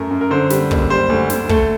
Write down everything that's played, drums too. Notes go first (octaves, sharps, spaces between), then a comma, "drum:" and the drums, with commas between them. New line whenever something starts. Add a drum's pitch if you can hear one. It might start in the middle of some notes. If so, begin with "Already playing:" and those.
Already playing: F#2 A3 A#4
F#2
A#4
D3 C5
G3, drum: snare
F#1, drum: kick
G3 C5
D2
D2, drum: snare
A3 A4, drum: kick